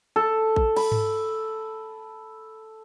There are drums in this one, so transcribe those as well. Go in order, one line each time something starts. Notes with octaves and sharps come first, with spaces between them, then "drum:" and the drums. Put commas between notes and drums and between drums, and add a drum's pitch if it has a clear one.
A4
drum: kick
B5, drum: cymbal
drum: tom G#2